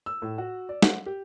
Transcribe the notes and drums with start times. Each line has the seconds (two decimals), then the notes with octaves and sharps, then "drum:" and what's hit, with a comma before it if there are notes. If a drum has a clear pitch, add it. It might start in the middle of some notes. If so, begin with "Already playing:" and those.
0.06 E6
0.22 A2
0.38 F#4
0.69 D5
0.82 F#5, drum: snare
1.06 G4